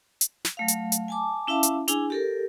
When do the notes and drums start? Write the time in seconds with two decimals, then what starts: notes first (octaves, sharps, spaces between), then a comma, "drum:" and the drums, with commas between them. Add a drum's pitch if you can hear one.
0.21 drum: hi-hat
0.45 drum: snare
0.57 F#3 A3 F5
0.68 drum: hi-hat
0.92 drum: hi-hat
1.08 G#5 A5 D6
1.47 C#4 E4 E5 F5 A5 D6
1.63 drum: hi-hat
1.88 D4 E4 G#4 G#5, drum: hi-hat
2.10 G4 A4 A#4